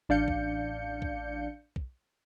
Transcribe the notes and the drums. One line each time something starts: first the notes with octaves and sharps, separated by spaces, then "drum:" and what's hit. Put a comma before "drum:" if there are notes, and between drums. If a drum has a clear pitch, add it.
A1 D4 D5 F5 G6 C#7
drum: kick
drum: kick
drum: kick